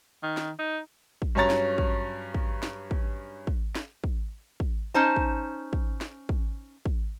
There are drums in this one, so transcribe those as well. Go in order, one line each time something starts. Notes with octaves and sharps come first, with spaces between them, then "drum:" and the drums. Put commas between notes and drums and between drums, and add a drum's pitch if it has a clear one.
D#3
drum: snare
D#4
drum: kick
G2 F#3 C#4 C#5 A#5 A6
drum: snare
drum: kick
drum: kick
drum: snare
drum: kick
drum: kick
drum: snare
drum: kick
drum: kick
C#4 D#4 C5 A5
drum: kick
drum: kick
drum: snare
drum: kick
drum: kick